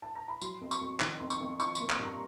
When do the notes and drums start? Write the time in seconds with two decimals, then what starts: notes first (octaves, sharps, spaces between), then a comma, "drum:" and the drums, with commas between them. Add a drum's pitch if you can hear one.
0.02 A5
0.15 A#5
0.28 B5
0.41 F#3 C6, drum: tambourine
0.61 F2
0.71 C#6, drum: tambourine
0.81 F2
1.00 D#3 C6, drum: clap
1.20 F2 C6
1.30 C#6, drum: tambourine
1.40 F2
1.60 F3 C#6, drum: tambourine
1.75 A#3 C6, drum: tambourine
1.90 C6, drum: clap
1.99 G2 A#5